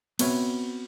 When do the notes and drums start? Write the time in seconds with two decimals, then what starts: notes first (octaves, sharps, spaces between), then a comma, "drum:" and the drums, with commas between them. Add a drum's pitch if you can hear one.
0.19 B3 C4 F#4 B4 C#5 E5, drum: cymbal